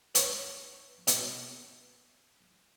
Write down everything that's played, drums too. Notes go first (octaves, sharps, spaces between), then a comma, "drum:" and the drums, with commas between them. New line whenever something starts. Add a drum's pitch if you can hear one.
B4 C#5, drum: hi-hat
B2, drum: hi-hat